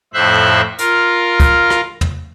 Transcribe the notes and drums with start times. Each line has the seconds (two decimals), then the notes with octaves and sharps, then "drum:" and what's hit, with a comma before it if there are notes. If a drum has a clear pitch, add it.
0.14 F2 A2 C5 E5 F#6
0.78 F4 A#4, drum: hi-hat
1.40 drum: kick, hi-hat
1.70 drum: rim click
2.01 drum: tom